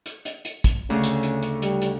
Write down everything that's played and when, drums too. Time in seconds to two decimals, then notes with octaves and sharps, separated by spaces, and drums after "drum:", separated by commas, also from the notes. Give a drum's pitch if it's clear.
0.06 drum: hi-hat
0.25 drum: hi-hat
0.45 drum: hi-hat
0.64 drum: kick, hi-hat
0.90 D2 C#3 C#4
1.03 drum: hi-hat
1.23 drum: hi-hat
1.43 drum: hi-hat
1.62 G3, drum: hi-hat
1.82 drum: hi-hat